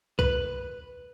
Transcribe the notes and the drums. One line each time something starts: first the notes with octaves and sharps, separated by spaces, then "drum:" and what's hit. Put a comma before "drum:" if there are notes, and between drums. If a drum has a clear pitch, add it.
B4, drum: kick C2